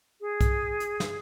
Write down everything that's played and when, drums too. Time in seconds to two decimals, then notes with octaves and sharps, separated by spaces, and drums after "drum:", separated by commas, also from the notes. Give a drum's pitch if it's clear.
0.21 G#4
0.41 drum: kick, hi-hat
0.80 drum: hi-hat
1.00 drum: snare